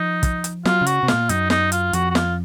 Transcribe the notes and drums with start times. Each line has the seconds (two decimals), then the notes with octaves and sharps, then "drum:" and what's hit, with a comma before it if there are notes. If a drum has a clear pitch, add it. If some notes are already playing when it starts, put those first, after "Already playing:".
Already playing: F3 D#4
0.23 drum: kick, hi-hat
0.44 drum: hi-hat
0.65 F#3 F4, drum: snare
0.81 C#3
0.86 F#4, drum: hi-hat
1.03 C3
1.08 F4, drum: snare
1.13 A#2
1.29 F#2 D#4, drum: hi-hat
1.50 D#4, drum: snare
1.72 F4, drum: hi-hat
1.93 F2 F#4, drum: hi-hat
2.10 F#4
2.15 F4, drum: snare